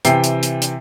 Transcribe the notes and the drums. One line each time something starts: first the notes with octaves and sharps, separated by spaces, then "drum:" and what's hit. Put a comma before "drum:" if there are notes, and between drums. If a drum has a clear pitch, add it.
C3 E3 G5 C7, drum: hi-hat
drum: hi-hat
drum: hi-hat
drum: hi-hat